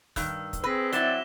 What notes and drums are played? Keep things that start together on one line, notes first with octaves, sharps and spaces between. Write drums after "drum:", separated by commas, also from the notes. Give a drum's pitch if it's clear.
G2 D#3 E6, drum: kick, open hi-hat
drum: kick, hi-hat
C4 G#4 B4 E6 A#6 B6
F#3 E4 D5 D6 E7 G7, drum: hi-hat